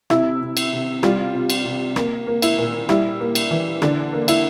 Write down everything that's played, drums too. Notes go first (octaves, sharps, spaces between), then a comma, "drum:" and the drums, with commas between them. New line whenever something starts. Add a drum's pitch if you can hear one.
C3 E4, drum: rim click
C3
drum: cymbal
C3
G3 F4, drum: rim click
C3
drum: cymbal
C3
A#3, drum: rim click
A#3
E4, drum: cymbal
A#2
G3 E4, drum: rim click
A#3
drum: cymbal
E3
D3 D4, drum: rim click
A#3
E4, drum: cymbal